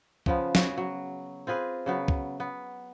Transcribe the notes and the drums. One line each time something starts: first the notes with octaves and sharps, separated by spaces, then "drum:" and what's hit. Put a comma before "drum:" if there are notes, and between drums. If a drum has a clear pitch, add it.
C#3 F3 B3, drum: kick
C#3 F#4 G#4, drum: snare
F#3
C4 F4 G#4 B4
C#3 F#3 B3
drum: kick
B3